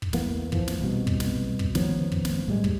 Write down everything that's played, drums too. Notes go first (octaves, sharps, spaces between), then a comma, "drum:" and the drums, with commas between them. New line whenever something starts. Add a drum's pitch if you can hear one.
drum: kick
E2 E3 A#3 B3, drum: snare
E3 F3, drum: kick
drum: snare
C2 B2
drum: kick
drum: snare
drum: kick
D#3 F3 B3 C#4, drum: snare
drum: kick
drum: snare
A2 G3 G#3
drum: kick